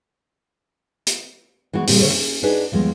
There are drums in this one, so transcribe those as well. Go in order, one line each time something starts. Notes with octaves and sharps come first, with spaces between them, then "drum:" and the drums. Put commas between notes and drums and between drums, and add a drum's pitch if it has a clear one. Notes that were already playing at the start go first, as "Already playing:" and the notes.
drum: hi-hat
E3 G#3 B3 F#4
A#2 D3 E3 G3 C4, drum: open hi-hat
D3 B3 C5 C#5
C#4
D4 D#4 F#4 G#4 B4 D5
D#2 F3 G#3 B3